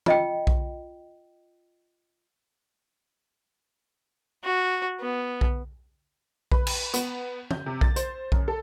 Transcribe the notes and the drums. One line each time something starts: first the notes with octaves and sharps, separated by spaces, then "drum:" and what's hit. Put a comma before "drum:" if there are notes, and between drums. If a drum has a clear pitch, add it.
F4 D#5 G5, drum: tom
drum: kick B1
F#4
B3
drum: kick B1
B4, drum: kick B1
drum: cymbal
B3, drum: hi-hat
G6, drum: tom
C3
A6, drum: kick B1
C5, drum: hi-hat
F#2, drum: kick B1
A4